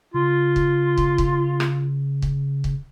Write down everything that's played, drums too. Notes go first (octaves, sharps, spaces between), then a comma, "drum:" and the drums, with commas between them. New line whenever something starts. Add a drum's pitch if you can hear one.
C#3 F4
drum: kick
drum: kick
drum: kick
drum: rim click
drum: kick
drum: kick